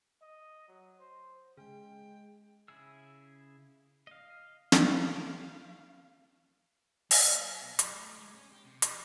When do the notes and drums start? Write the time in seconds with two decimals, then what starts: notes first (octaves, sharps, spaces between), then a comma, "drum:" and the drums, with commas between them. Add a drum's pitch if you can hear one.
0.22 D#5
0.68 F#3
1.00 C5
1.57 C#3 G#3 G#4 G5
2.68 C#3 E4 G#4 E6
4.07 D#5 F5
4.72 drum: snare
4.95 F5
7.11 A#3, drum: open hi-hat
7.39 F#3
7.62 B2
7.79 F#2, drum: hi-hat
7.93 A3
8.19 G#3
8.34 C#4
8.52 G4
8.65 C3
8.82 F3, drum: hi-hat